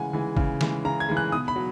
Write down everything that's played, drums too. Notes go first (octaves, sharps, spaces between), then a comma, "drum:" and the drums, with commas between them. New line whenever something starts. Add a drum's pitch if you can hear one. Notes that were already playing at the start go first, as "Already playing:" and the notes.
Already playing: C#3 E3 G#3 F#5 G#5
E3 G#3
C#3, drum: kick
E3 G#3, drum: snare
C#3 A#5
G#6
E3 G#3
F#6
B2 D#6
B5
F#3